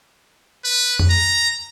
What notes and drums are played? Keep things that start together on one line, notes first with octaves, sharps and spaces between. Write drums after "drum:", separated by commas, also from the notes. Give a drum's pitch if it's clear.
B4
drum: tom F2
A#5